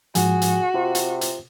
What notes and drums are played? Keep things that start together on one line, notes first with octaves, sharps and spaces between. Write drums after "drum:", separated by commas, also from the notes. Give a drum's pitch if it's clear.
G#2 F3 F#4 G#4, drum: hi-hat
drum: hi-hat
C3 F4 C5
drum: hi-hat
drum: hi-hat